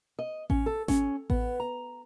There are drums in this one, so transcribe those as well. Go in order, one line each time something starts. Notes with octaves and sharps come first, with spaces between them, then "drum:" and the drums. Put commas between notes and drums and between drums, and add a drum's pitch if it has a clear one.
D#5
C#4, drum: kick A1
A4
C#4, drum: snare G#1
B3, drum: kick A1
A#5